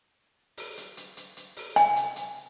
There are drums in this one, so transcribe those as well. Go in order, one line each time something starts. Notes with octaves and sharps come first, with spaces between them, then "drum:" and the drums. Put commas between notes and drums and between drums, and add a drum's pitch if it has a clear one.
drum: open hi-hat
drum: hi-hat
drum: hi-hat
drum: hi-hat
drum: hi-hat
drum: open hi-hat
G#5, drum: hi-hat
drum: hi-hat
drum: hi-hat